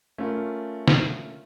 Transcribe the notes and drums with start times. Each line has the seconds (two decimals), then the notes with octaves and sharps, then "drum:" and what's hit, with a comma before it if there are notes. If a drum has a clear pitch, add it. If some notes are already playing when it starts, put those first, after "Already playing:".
0.18 A3 C#4 F4 A#4
0.88 drum: snare